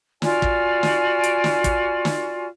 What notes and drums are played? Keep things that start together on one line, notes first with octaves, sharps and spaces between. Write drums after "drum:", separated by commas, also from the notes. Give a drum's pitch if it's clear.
F4 F#4 D5 G#5, drum: snare
drum: kick
drum: snare
drum: hi-hat
drum: snare
drum: kick, hi-hat
drum: snare